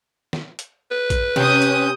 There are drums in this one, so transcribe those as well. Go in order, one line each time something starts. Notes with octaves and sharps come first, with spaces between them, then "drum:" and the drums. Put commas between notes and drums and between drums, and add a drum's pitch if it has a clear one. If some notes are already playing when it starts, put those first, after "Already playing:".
drum: snare
drum: hi-hat
B4
drum: kick A#1, hi-hat
C3 C#4 D#6 G6, drum: snare
drum: hi-hat